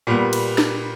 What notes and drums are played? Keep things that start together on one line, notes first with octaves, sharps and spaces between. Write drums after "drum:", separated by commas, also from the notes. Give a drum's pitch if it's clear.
A#2 G3 B3
drum: cymbal
drum: snare